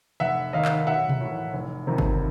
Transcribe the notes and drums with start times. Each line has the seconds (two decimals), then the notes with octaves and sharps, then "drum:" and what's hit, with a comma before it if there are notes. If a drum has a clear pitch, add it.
0.20 F1 E5 F#5
0.53 D#2 D#3 D#5 F5
0.65 drum: clap
0.87 B1 E5 F#5
1.09 drum: tom B2
1.21 A2 E3
1.53 F1
1.87 F2 C3 D#3
1.98 drum: kick G1